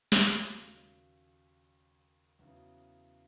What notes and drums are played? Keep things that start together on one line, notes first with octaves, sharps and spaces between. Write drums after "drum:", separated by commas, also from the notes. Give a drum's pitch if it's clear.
D#2 C#3 F#3, drum: snare
E2 C#3 F#3